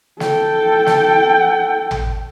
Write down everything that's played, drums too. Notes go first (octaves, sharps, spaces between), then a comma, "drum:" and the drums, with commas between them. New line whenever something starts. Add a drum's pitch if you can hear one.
A4 G5, drum: snare
drum: snare
drum: tom